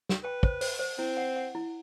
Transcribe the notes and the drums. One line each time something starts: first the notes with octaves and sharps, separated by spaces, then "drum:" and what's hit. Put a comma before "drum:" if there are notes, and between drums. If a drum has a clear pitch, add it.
drum: snare
B4 G5
C5, drum: kick
C5, drum: open hi-hat
C5
C4 E4
F#5
F#5
E4